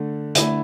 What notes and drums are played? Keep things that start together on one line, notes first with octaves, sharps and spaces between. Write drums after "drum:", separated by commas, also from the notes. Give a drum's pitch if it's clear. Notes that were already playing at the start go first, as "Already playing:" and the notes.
Already playing: D3 A3
D3 A3 E4, drum: hi-hat